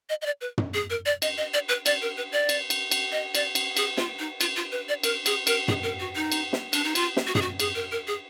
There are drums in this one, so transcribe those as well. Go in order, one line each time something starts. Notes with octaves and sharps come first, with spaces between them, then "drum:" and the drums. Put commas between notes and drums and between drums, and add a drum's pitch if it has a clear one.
D#5
D#5
D5
B4
drum: tom
G#4
A#4
D5
D#5, drum: cymbal
D#5
D5
B4
D5, drum: cymbal
A#4
B4
D5
drum: cymbal
drum: cymbal
drum: cymbal
D#5
D5, drum: cymbal
drum: cymbal
G#4, drum: cymbal
F4, drum: snare
D#4
F4, drum: cymbal
F4
B4
D5
A#4, drum: cymbal
G#4, drum: cymbal
A#4, drum: cymbal
G#4, drum: tom
A#4
F#4
D#4
drum: cymbal
drum: snare
D4, drum: cymbal
D#4
F4, drum: cymbal
drum: snare
F#4
G#4, drum: tom
F#4
G#4, drum: cymbal
A#4
A#4
G#4